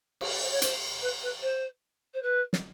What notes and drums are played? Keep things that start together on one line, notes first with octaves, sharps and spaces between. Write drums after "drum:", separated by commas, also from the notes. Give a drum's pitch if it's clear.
drum: cymbal
C5
C#5
C5, drum: hi-hat
B4
B4
C5
C5
B4
drum: snare